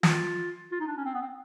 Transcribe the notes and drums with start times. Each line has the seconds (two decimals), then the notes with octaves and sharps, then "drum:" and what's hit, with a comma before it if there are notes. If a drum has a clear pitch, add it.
0.03 F4, drum: snare
0.71 F4
0.80 D#4
0.88 D4
0.97 C#4
1.05 C4
1.14 B3
1.21 C4